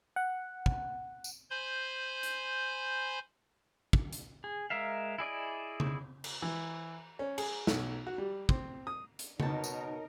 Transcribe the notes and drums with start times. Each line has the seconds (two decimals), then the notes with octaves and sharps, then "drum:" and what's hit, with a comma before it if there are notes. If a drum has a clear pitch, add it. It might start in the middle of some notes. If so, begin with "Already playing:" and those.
0.16 F#5
0.66 drum: kick
1.24 drum: tambourine
1.50 C5 G#5 B5 C6 G6
2.23 drum: hi-hat
3.93 drum: kick
4.13 drum: hi-hat
4.44 G#4
4.70 G#3 A#4 E5 F5
5.19 E4 G#4 D5 D#5
5.80 drum: tom C#3
6.24 drum: cymbal
6.42 E3
7.19 C#4
7.38 G#4, drum: cymbal
7.67 B1, drum: snare
8.07 F#4
8.18 G3
8.49 C4, drum: kick
8.87 D#6
9.19 drum: hi-hat
9.40 B2 D#4 A#4 C#5 A5, drum: tom C#3
9.64 drum: tambourine